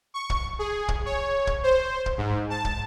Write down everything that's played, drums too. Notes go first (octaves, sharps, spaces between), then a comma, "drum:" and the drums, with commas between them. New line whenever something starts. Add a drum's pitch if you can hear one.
C#6
drum: kick
G#4
drum: kick
C#5
drum: kick
C5
drum: kick
G#2
A5
drum: kick